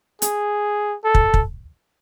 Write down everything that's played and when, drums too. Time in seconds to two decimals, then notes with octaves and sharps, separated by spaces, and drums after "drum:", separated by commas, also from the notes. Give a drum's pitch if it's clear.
0.22 G#4, drum: hi-hat
1.04 A4
1.15 drum: kick
1.34 drum: kick